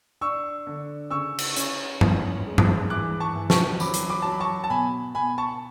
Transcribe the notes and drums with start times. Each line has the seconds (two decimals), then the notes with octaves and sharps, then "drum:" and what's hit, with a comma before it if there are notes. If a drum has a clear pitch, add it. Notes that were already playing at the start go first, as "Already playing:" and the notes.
0.21 D4 C#6 E6
0.67 D3
1.11 C#3 C#6 E6
1.39 drum: cymbal
1.56 C#4, drum: hi-hat
2.01 C#4, drum: tom G2
2.46 G#3
2.58 drum: tom G2
2.90 E3 D6 F#6
3.20 A5 C#6
3.35 E3
3.50 A5 C#6, drum: snare
3.80 F#3 B5 D6, drum: tambourine
3.94 drum: hi-hat
4.10 B5 D6
4.22 F#3 A5
4.31 B5
4.40 A5 C#6
4.64 A5
4.70 B2 G#5 B5
5.15 B2 G#5 B5
5.38 A5 C#6